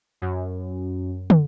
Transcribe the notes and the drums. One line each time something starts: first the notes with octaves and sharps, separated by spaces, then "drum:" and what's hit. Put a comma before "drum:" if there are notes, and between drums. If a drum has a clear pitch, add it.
F#2
drum: tom